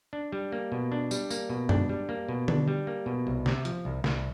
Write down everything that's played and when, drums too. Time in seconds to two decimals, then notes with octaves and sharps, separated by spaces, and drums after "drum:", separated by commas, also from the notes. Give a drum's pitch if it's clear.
0.13 D4
0.32 G3
0.52 A#3
0.72 B2
0.92 D4
1.11 G3, drum: tambourine
1.30 A#3, drum: tambourine
1.50 B2
1.69 D4, drum: tom F#2
1.89 G3
2.09 A#3
2.28 B2
2.48 D4, drum: tom D3
2.68 G3
2.87 A#3
3.06 B2
3.27 C2
3.46 C3, drum: snare
3.65 F3, drum: hi-hat
3.85 C2
4.04 C2, drum: snare